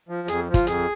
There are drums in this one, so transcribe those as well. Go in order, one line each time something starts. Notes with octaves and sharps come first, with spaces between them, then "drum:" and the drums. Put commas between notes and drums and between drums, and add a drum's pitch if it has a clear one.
F3
F2 G#4, drum: hi-hat
F3
F4, drum: kick, hi-hat
F2 G#4, drum: hi-hat